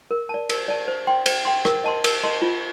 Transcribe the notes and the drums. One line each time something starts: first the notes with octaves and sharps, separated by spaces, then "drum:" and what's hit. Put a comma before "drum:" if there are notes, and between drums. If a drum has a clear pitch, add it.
A#4
D5 A5
A#4, drum: cymbal
D5 A5
C5
G5 C6
C5, drum: cymbal
G5 C6
A#4, drum: rim click
D#5 A5 C6
A#4, drum: cymbal
D#5 A5 C6
F4